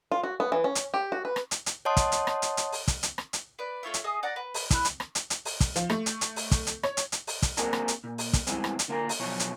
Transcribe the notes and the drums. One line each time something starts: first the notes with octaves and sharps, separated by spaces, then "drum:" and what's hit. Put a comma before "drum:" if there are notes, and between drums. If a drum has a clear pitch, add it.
F4
F#4
B3
E3
C#4
drum: hi-hat
G4
F#4
B4
drum: rim click
drum: hi-hat
drum: hi-hat
C#5 D#5 F#5 A5 C6 D#6
drum: kick, hi-hat
drum: hi-hat
drum: rim click
drum: hi-hat
drum: hi-hat
drum: open hi-hat
drum: kick, hi-hat
drum: hi-hat
drum: rim click
drum: hi-hat
B4 D5
A3 F4 C#5 E5
drum: hi-hat
G#4 D#5 E5 D#6
D5 F#5 A#5
B4
drum: open hi-hat
E4 B5 F#6, drum: kick, hi-hat
drum: hi-hat
drum: rim click
drum: hi-hat
drum: hi-hat
drum: open hi-hat
drum: kick, hi-hat
F3, drum: hi-hat
A3, drum: rim click
drum: hi-hat
drum: hi-hat
drum: open hi-hat
drum: kick, hi-hat
drum: hi-hat
C#5, drum: rim click
drum: hi-hat
drum: hi-hat
drum: open hi-hat
drum: kick, hi-hat
A#3 C4 D4 F#4 G#4 A#4, drum: hi-hat
drum: rim click
drum: hi-hat
A#2
drum: open hi-hat
drum: kick, hi-hat
G2 E3 F#3 G#3 B3 C4, drum: hi-hat
drum: rim click
drum: hi-hat
D3 A#3 F4 A#4
drum: open hi-hat
B1 B2 F3 C#5
drum: hi-hat